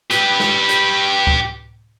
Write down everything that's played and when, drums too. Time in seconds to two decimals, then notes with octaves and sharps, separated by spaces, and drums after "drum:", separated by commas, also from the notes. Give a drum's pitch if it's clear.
0.10 G4 B4, drum: hi-hat
0.40 drum: snare
0.69 drum: hi-hat
1.27 drum: kick C#2